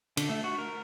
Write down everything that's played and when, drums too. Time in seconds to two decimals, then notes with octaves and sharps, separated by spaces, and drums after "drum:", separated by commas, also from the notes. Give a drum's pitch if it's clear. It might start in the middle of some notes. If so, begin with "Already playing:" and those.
0.17 D3, drum: cymbal
0.29 A3
0.44 F#4
0.59 A#4